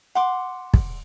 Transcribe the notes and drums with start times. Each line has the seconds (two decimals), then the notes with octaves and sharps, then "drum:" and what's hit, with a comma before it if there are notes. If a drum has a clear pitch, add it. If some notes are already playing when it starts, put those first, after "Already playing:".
0.15 F#5 C6 D6
0.74 drum: kick